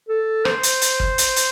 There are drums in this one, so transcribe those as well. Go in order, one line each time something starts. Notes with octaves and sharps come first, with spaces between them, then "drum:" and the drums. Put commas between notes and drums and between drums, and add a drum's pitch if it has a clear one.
A4
C5, drum: rim click
drum: hi-hat
drum: hi-hat
drum: kick
drum: hi-hat
drum: hi-hat